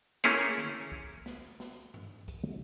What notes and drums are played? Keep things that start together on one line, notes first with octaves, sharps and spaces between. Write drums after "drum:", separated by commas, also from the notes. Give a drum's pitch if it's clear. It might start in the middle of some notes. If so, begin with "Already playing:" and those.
A3 A#3 C#4 E4 G#4 C#5, drum: snare
drum: tom D3
drum: kick
drum: snare
drum: snare
drum: tom G2
drum: kick, hi-hat